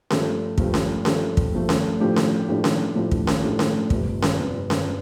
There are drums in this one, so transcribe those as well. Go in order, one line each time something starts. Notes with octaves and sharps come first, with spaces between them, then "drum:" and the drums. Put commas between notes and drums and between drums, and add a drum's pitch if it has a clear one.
G2 F3 A3, drum: snare C#4
G2 F3 A3, drum: kick
drum: snare C#4
G2 F3 A3, drum: snare C#4
drum: kick
G2 F3 A3
drum: snare C#4
A2 F3 A3 D4 G4
drum: snare C#4
A2 F3 A3 D4 G4
drum: snare C#4
A2 F3 A3 D4 G4
drum: kick
drum: snare C#4
A2 F3 A3 D4 G4
drum: snare C#4
G1 F2 C3, drum: kick
drum: snare C#4
G1 F2 C3
drum: snare C#4